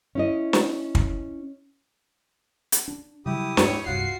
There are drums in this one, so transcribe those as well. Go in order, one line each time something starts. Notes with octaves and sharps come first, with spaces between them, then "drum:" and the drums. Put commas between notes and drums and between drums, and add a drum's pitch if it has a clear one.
C#4 E4 D#5
drum: snare
drum: kick
drum: hi-hat
D4
C#3 F#3 G3 E4 G4 D#6
F2 G#2 C#5, drum: snare
D1 C2 G2 F4 F#4 F#5 C7